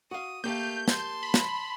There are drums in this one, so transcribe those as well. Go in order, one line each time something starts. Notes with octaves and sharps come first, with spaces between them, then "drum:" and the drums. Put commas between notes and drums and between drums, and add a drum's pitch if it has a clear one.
F#4 F5 D#6
A3 A#3 G4 F5 G6
A5 C6, drum: snare
B5
drum: snare